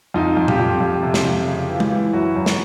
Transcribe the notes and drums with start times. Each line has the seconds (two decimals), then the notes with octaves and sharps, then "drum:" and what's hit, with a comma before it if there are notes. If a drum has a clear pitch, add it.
0.14 F2 D#4 F4
0.37 F2
0.48 F4 G4, drum: tom A#2
0.60 F2
0.81 F2
1.03 C3
1.14 drum: snare
1.25 F2
1.48 C#3
1.70 E3
1.80 drum: tom G#3
1.91 E3
2.13 F#2 E4 F#4
2.36 F#2
2.46 drum: snare